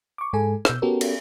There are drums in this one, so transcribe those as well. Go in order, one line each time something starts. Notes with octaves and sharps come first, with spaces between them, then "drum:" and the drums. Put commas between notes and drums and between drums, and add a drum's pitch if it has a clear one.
C#6 D6
G#2 G#3 A4 G#5
B2 E6 G6, drum: rim click
B3 C#4 F#4 G4 A4 A#4
drum: cymbal